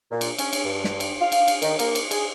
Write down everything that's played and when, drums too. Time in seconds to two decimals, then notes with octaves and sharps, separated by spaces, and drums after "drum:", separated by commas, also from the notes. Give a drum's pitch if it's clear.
0.11 A#2
0.21 drum: cymbal
0.38 C#4, drum: cymbal
0.53 drum: cymbal
0.65 G2
0.84 drum: snare
1.00 drum: cymbal
1.21 F5
1.32 drum: cymbal
1.48 drum: cymbal
1.62 D#3, drum: cymbal
1.79 A#3, drum: cymbal
1.95 drum: cymbal
2.11 G#4, drum: cymbal